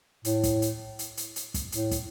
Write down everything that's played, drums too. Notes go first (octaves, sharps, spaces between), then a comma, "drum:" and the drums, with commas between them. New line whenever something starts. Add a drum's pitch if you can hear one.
A2, drum: hi-hat
drum: kick, hi-hat
drum: hi-hat
drum: hi-hat
drum: hi-hat
drum: hi-hat
drum: kick, hi-hat
A2, drum: hi-hat
drum: kick, hi-hat